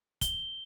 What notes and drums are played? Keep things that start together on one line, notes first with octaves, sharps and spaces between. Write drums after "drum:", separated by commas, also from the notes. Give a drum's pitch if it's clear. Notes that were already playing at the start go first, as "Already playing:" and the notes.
G7, drum: kick, hi-hat